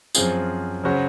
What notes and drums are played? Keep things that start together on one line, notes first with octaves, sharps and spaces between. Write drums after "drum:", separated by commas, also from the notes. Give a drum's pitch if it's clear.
F#2 F3 C4 F4 G#4, drum: tambourine
C#3 F#3 C#4 F#4 C5